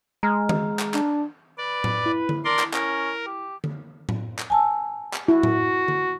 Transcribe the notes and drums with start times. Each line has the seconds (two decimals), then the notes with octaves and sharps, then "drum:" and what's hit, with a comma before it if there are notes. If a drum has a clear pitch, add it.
0.23 G#3 A#5 F6
0.49 drum: tom D#3
0.79 drum: clap
0.94 D4, drum: clap
1.58 B4 D5
1.84 drum: tom A2
2.06 E4
2.29 drum: tom D3
2.45 D4 A#4 D5 C6
2.59 drum: clap
2.74 C#4 A#4, drum: clap
3.26 G4
3.64 drum: tom D3
4.09 drum: tom A2
4.39 drum: clap
4.50 G#5 A5 E6
5.13 drum: clap
5.28 E4 F#4
5.43 drum: tom A2
5.88 drum: tom D3